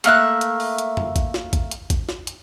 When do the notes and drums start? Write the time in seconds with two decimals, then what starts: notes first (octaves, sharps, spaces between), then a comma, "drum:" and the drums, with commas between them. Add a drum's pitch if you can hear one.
0.04 A3 A#3 E5 F#6, drum: hi-hat
0.41 drum: hi-hat
0.60 drum: open hi-hat
0.78 drum: hi-hat
0.97 drum: tom F2
1.16 drum: kick A1, hi-hat
1.34 drum: snare
1.53 drum: kick A1, hi-hat
1.71 drum: hi-hat
1.90 drum: kick A1, hi-hat
2.09 drum: snare
2.27 drum: hi-hat